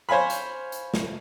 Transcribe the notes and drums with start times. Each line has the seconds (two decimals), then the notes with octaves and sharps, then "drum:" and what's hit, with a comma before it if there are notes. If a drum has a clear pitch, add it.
0.09 C5 C#5 F5 G#5 B5
0.30 drum: hi-hat
0.72 drum: hi-hat
0.94 drum: snare